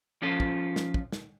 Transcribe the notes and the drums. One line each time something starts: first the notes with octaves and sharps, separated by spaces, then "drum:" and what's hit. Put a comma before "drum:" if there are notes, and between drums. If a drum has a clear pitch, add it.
F3 C#4 F4 A4
drum: kick
drum: snare
drum: kick
drum: snare